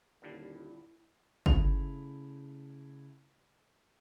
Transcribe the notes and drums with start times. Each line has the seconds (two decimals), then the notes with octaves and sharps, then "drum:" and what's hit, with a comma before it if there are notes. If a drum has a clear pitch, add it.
0.22 D#1 A#2 D3 G3 E4
1.46 C#3 A3 E4 F7, drum: kick